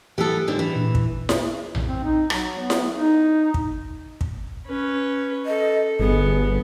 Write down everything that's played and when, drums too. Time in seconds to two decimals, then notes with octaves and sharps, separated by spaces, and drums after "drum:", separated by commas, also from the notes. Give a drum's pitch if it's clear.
0.18 E3 B3 G4 A4
0.48 G#2 D3 C4
0.59 E3
0.76 A#2
0.95 drum: kick
1.29 drum: snare E4
1.75 drum: tom A#1
1.87 C4
2.04 D#4
2.30 F#3, drum: rim click
2.59 B3
2.70 drum: snare E4
2.96 D#4
3.54 drum: kick
4.21 drum: kick
4.66 C#4 B4
5.46 A4 D#5
5.99 G1 B3 G#4